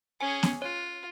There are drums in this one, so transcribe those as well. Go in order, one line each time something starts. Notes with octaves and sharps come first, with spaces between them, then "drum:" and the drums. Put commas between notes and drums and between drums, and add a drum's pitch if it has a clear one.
C#4 G#4 G#5
drum: snare B3
F4 C#5